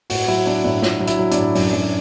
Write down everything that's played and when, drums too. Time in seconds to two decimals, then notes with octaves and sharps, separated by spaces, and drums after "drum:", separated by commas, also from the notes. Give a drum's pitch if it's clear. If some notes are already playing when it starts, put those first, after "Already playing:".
0.10 A2 F#4, drum: open hi-hat
0.28 F#3 E4
0.46 F#3 D4
0.64 A2 D4
0.82 A2, drum: snare
1.00 F#3
1.07 E4, drum: hi-hat
1.19 F#3
1.31 D4, drum: hi-hat
1.37 A2
1.55 F#2, drum: open hi-hat
1.73 F#2